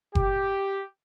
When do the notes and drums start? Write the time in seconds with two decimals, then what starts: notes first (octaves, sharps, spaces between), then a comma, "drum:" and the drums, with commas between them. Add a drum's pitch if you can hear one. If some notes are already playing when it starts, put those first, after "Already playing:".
0.15 G4, drum: kick F#1